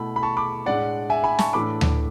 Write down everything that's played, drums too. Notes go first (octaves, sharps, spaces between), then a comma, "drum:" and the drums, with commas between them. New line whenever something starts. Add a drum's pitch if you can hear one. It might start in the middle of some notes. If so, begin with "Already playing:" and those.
Already playing: B2 A3 E4 B5
B5
A5 C#6
B5 D6
A2 G#3 D4 D5 F#5
E5 G#5
G#5 B5
A5 C#6, drum: snare
A2 E3 A3 D4 B5 D6
drum: tom D2